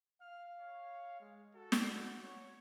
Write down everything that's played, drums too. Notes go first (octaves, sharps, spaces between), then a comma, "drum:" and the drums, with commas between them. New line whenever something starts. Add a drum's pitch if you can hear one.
F5 F6
C#5
G#3
F#4 A4
drum: snare
C#5